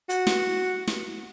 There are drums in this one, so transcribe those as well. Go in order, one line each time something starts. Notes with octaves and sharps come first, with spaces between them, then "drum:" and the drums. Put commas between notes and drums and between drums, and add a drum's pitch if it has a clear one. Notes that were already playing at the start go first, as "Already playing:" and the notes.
F#4, drum: hi-hat
drum: snare
drum: snare